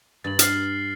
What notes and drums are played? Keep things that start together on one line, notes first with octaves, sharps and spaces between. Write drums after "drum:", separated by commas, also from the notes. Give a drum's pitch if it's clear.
G2 A6 F#7
F6 C7, drum: hi-hat